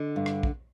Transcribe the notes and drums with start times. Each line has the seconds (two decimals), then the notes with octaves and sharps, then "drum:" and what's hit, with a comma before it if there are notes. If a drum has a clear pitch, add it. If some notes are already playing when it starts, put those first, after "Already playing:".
Already playing: D3 D#5
0.16 G2
0.26 drum: rim click
0.43 drum: kick